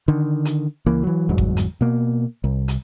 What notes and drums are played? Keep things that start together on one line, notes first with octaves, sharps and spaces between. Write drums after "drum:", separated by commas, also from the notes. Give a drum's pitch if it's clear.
D3 D#3
drum: hi-hat
C#2 E3 A#3
E3 F#3
G1 E2 G#2 F#3
drum: kick G#1
drum: hi-hat
B2 A#3
C2
drum: hi-hat